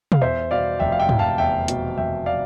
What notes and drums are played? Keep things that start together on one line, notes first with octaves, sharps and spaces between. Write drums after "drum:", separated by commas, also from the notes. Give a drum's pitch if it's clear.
F5, drum: tom
E2 C5 E5
B2 D5 F5
F1 E5 G5
F5
E5 G5
F1, drum: tom
F5 A5
E2 E5 G5
B2, drum: hi-hat
F1 E5 G5
D5 F5